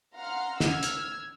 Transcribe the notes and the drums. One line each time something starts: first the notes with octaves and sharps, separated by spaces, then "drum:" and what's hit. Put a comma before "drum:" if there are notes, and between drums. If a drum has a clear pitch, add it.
F5 F#5 A#5 C6 F6
E6 F6 G#6, drum: snare
drum: hi-hat